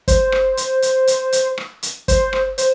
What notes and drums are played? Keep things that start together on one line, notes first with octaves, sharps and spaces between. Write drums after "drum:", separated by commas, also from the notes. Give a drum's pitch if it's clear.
C5, drum: kick, hi-hat
drum: rim click
drum: hi-hat
drum: hi-hat
drum: hi-hat
drum: hi-hat
drum: rim click
drum: hi-hat
C5, drum: kick, hi-hat
drum: rim click
C5, drum: hi-hat